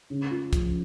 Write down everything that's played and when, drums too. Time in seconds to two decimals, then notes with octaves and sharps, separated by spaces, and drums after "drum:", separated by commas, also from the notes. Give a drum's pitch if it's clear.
0.10 C#3
0.31 F4
0.53 F3, drum: kick, hi-hat